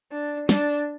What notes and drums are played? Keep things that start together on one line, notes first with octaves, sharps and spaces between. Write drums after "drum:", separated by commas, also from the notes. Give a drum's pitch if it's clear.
D4
D4, drum: snare